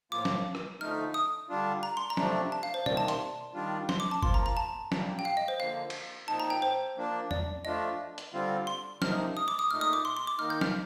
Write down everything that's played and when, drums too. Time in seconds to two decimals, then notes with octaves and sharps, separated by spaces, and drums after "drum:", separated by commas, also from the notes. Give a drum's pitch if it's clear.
0.12 A2 F3 A#3 F4 D6
0.25 drum: snare
0.55 drum: rim click
0.80 D3 F3 A3 D#4 F6
1.14 D#6
1.49 D3 G3 D4 F4
1.83 A#5
1.97 C6
2.10 A#5
2.17 C3 F3 A3 D4, drum: snare
2.52 A5
2.63 F5
2.74 C5
2.86 C3 D#3 A#3 D5, drum: tom B2
2.97 A5
3.08 C6, drum: hi-hat
3.54 D#3 G3 D4 F4
3.89 C6, drum: snare
4.00 D6
4.11 A5
4.23 F3 A#3 F4 C6, drum: kick F#1
4.34 A#5
4.46 A#5
4.57 A5
4.92 A#2 G3 A#3, drum: snare
5.19 G5
5.25 F5
5.37 D#5
5.48 C5
5.60 D3 F3 A#3 F5
5.90 drum: cymbal
6.28 A#2 F3 C4 D#4 A5
6.40 A#5
6.50 G5
6.62 C5
6.97 F3 A#3 D4
7.31 D5, drum: tom E2
7.65 F3 A3 D4 F4 D#5
8.18 drum: hi-hat
8.33 D3 G3 C4 F4
8.67 C6
9.02 C3 F3 A#3 D#4 F6, drum: snare
9.37 D#6
9.48 D6
9.59 D#6
9.70 A#2 A3 D#4 F6
9.81 D#6
9.93 D6
10.05 C6
10.17 C6
10.27 D6
10.39 D#3 A#3 D#4 F6
10.50 G6
10.61 F6, drum: snare